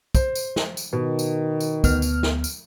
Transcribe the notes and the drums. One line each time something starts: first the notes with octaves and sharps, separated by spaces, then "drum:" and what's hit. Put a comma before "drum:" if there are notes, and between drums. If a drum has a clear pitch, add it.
C5, drum: kick, tambourine
drum: tambourine
drum: snare
drum: tambourine
B2 D#3
drum: tambourine
drum: tambourine
D2 B3 F6, drum: kick, tambourine
drum: tambourine
drum: snare
drum: tambourine